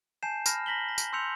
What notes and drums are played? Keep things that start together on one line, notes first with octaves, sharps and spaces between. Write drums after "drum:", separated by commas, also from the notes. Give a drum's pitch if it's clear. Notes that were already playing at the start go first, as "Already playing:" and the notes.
G#5 A5 G6 C7 E7
A5 B5 F6 A#6, drum: tambourine
A#5 A#6 B6 F#7 G7
A#6
drum: tambourine
C6 E6 G6 C#7 F7